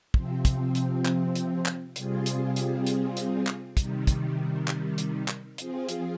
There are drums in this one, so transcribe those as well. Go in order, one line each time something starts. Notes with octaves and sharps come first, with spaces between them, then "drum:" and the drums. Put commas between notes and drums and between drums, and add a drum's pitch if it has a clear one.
C3 F3 C4, drum: kick
drum: kick, hi-hat
drum: hi-hat
drum: clap
drum: hi-hat
drum: clap
C3 G3 C4 F4 G#4, drum: hi-hat
drum: hi-hat
drum: hi-hat
drum: hi-hat
drum: hi-hat
drum: clap
C3 D#3 G3, drum: kick, hi-hat
drum: kick, hi-hat
drum: clap
drum: hi-hat
drum: clap
F3 C4 F4 G#4, drum: hi-hat
drum: hi-hat